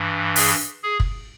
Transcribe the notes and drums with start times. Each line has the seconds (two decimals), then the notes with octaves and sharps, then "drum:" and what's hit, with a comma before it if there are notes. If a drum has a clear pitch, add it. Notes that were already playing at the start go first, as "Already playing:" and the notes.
Already playing: G2 E3
0.36 G#4, drum: open hi-hat
0.83 G#4
1.00 drum: kick